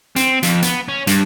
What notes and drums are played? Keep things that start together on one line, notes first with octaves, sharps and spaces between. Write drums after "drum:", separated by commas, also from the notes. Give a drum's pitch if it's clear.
C4, drum: hi-hat
F2, drum: hi-hat
B3, drum: hi-hat
C#4
G2, drum: hi-hat